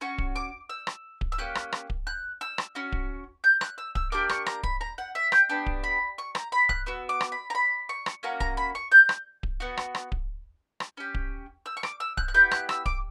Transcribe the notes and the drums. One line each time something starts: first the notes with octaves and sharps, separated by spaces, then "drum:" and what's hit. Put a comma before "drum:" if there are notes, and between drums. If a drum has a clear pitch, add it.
C#4 F#4 C#6
drum: kick D1
D6
E6
drum: rim click
drum: kick D1
E6
A#3 C#4 G4 F#6
drum: rim click
drum: rim click
drum: kick D1
F#6
E6
drum: rim click
C#4 F#4
drum: kick D1
G6
F#6, drum: rim click
E6
E6, drum: kick D1
A#3 D4 G4 D6
C#6, drum: rim click
A#5, drum: rim click
B5, drum: kick D1
A#5
F#5
E5
G5, drum: rim click
B3 D4 G4
drum: kick D1
B5
C#6
A#5, drum: rim click
B5
F#6, drum: kick D1
B3 F#4 E6
D6
drum: rim click
B5
A#5
B5
C#6
drum: rim click
A#3 C#4 F#4 A#5
A#5, drum: kick D1
B5
C#6
G6
drum: rim click
drum: kick D1
B3 F#4
drum: rim click
drum: rim click
drum: kick D1
drum: rim click
C#4 G4
drum: kick D1
E6
C#6
D6, drum: rim click
E6
F#6, drum: kick D1
F#6
B3 E4 G4 G6
F#6, drum: rim click
E6, drum: rim click
D6, drum: kick D1